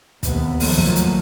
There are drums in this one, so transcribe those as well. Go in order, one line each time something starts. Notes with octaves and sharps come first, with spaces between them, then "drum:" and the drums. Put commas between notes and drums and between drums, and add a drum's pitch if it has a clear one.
D#2 C3 B3, drum: kick, hi-hat
D#3 F3 F#3 A3 A#3, drum: open hi-hat
drum: kick
drum: hi-hat